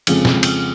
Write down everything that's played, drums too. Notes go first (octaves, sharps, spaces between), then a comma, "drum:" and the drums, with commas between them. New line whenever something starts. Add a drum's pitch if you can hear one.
F2 C#3 F3 G#3 C4, drum: cymbal
drum: snare
drum: cymbal